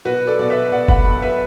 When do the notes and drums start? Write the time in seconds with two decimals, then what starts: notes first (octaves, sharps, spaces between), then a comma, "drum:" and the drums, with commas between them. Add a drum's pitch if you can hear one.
0.05 B2 F#4 B4
0.27 A4 D5
0.39 B2 D5
0.50 B4 E5
0.72 B2 D5 F#5
0.88 F#5 B5, drum: kick F#1
1.06 B1
1.22 B4 E5